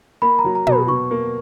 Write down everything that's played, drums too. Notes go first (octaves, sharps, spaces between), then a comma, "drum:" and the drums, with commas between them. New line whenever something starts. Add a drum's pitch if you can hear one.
A#3 B5
A#5
F#3
A#5
B2, drum: tom
B5
B2 C#6
A#3